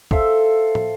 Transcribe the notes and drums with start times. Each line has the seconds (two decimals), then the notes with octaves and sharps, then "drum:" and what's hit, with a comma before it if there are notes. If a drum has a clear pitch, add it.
0.11 A4 C5 E5 F5, drum: kick
0.75 drum: tom